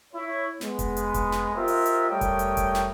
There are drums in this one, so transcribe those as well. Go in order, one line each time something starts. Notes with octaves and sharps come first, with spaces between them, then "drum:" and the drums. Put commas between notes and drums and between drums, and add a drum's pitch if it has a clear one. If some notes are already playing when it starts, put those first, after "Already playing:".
E4 C#5
G#3 B3, drum: snare
drum: kick F1, hi-hat
drum: hi-hat
drum: kick F1, hi-hat
drum: snare
F4 G4 A#4 C5 D#5 E5
drum: open hi-hat
drum: hi-hat
G3 A3 A#4 C#5 G5 D#6
drum: kick F1, hi-hat
drum: hi-hat
drum: kick F1, hi-hat
drum: snare